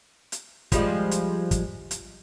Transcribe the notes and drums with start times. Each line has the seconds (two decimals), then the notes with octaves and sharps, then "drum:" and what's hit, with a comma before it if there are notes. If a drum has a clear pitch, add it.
0.32 drum: hi-hat
0.72 F3 G3 G#3, drum: kick, hi-hat
1.11 drum: hi-hat
1.51 drum: kick, hi-hat
1.91 drum: hi-hat